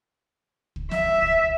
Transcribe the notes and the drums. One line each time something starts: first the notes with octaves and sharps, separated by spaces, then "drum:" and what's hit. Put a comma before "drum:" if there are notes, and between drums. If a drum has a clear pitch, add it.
drum: kick
E5, drum: snare
drum: kick